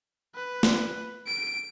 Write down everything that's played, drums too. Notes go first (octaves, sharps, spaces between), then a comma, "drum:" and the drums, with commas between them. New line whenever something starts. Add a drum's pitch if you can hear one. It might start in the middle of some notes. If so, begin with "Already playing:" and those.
B4
drum: snare
D7